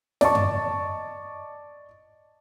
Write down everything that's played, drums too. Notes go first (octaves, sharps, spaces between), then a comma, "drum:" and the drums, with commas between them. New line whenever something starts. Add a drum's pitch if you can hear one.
D5 D#5 A5 C#6, drum: snare
drum: tom F#2